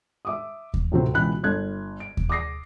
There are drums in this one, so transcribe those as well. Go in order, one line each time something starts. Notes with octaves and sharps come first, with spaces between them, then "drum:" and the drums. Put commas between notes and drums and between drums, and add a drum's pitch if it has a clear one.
E5 D6 D#6
drum: kick D#2
A2 C3 F#3 C4
C#2 B2 E3 B5 F#6
G1 F#6 G#6
D7
drum: kick D#2
D6 D#6 A#6 C7